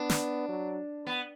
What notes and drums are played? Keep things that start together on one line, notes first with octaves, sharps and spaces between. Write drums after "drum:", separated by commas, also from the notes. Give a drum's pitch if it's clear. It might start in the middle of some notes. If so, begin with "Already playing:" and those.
Already playing: B3 D4
drum: snare
F#3
B3